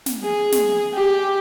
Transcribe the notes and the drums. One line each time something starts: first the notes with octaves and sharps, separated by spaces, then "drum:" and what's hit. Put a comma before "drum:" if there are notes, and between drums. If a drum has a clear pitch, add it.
drum: snare
G#4
drum: snare
G4